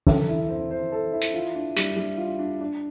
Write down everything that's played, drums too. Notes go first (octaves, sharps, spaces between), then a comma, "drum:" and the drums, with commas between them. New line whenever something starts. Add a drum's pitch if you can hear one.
A4, drum: tom E3
E4
C4
C5
A4
E4
drum: hi-hat
F4
D4
G3, drum: hi-hat
G3
F4
D4
D4